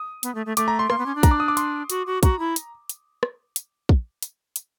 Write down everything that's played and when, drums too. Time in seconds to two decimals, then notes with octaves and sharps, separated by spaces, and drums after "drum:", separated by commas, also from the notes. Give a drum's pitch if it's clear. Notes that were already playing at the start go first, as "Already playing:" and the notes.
Already playing: D#6
0.23 B3, drum: hi-hat
0.35 A3
0.46 A3
0.57 A3 D6, drum: hi-hat
0.68 A#5
0.79 C6
0.90 A#3 C6, drum: rim click
0.98 B3
1.06 C#4
1.15 D4
1.23 A#5, drum: kick, hi-hat
1.31 D6
1.40 D#6
1.48 D6
1.57 C6, drum: hi-hat
1.90 F#4, drum: hi-hat
2.07 F#4
2.23 F#4 A#5, drum: kick, hi-hat
2.39 E4
2.56 drum: hi-hat
2.89 drum: hi-hat
3.23 drum: rim click
3.56 drum: hi-hat
3.89 drum: kick
4.22 drum: hi-hat
4.56 drum: hi-hat